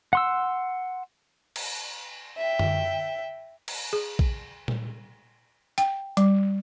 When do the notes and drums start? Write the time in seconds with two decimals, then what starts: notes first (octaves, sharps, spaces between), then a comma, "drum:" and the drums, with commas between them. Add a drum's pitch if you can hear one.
0.13 F#5 C6 E6
1.56 drum: cymbal
2.38 E5 G5
2.59 drum: tom
3.68 drum: cymbal
3.93 G#4
4.19 drum: kick A#1
4.68 drum: tom A#2
5.78 G5, drum: hi-hat
6.17 G3, drum: hi-hat